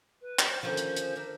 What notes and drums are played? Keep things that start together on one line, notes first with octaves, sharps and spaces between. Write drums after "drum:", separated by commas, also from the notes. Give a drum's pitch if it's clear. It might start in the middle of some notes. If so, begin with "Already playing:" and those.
B4
drum: clap
C5
D3 D#3 F3 A#3 C#4 C5
drum: hi-hat
drum: hi-hat
D4 A#4 E5